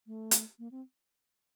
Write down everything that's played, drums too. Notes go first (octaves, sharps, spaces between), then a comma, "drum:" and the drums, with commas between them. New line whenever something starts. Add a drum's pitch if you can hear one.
A3
drum: hi-hat
A#3
C4